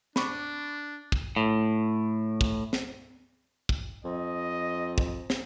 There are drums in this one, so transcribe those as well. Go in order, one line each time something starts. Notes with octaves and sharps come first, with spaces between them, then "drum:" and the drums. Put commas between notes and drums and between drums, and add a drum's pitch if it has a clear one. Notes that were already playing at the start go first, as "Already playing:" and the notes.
D4 B5 C#6 D6, drum: snare
drum: kick
A2
drum: kick
drum: snare
drum: kick
F2 D#5
drum: kick
drum: snare